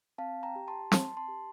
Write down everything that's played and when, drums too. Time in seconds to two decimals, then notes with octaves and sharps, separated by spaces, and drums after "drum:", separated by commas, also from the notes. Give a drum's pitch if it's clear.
0.18 C4 F5 A5
0.43 G5 A#5
0.56 G4
0.68 A5 C6
0.92 C4 A5 C6, drum: snare
1.17 A5 C6
1.28 G4